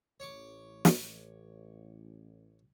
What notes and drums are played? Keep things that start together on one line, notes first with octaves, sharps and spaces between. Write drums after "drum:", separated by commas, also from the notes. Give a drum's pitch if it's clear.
A1 C#5 C#6 D6
drum: snare